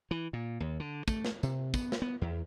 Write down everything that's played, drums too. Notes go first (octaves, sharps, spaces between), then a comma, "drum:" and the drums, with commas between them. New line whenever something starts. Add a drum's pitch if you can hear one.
E3
A#2
D#2
D3
A3, drum: kick, tambourine
drum: snare
C3, drum: tambourine
B3, drum: kick, tambourine
drum: snare
B3
E2